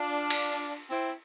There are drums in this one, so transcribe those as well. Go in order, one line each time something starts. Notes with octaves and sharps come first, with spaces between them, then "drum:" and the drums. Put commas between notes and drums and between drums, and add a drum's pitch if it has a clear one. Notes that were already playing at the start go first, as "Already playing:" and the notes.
Already playing: D4 F4
drum: cymbal
C4 E4